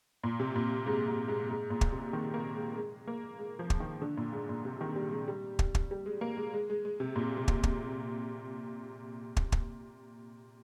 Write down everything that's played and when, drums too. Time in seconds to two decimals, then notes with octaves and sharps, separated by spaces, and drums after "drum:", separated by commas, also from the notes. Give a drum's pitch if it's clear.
0.23 A#2
0.40 C3
0.56 A#2
0.86 G#2
1.08 G#2
1.28 G#2
1.50 G#2
1.70 A#2
1.81 drum: kick
1.92 C3
2.13 D#3
2.34 A#3
2.55 G#3
2.76 G#3
3.07 A#3
3.39 G#3
3.59 F3
3.70 drum: kick
3.80 D#3
4.02 D3
4.17 A#2
4.32 G#2
4.49 A#2
4.65 C3
4.81 D#3
4.96 G3
5.11 G#3
5.28 G3
5.59 drum: kick
5.75 drum: kick
5.91 G3
6.06 G#3
6.21 A#3
6.37 G#3
6.54 G#3
6.70 G#3
6.85 G#3
7.00 C3
7.16 A#2
7.37 C3
7.48 drum: kick
7.63 drum: kick
9.37 drum: kick
9.52 drum: kick